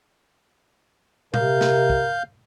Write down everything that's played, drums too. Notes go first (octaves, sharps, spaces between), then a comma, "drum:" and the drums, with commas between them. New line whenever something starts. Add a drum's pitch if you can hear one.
C3 A#4 F5 G6, drum: tom A#2
drum: snare
drum: kick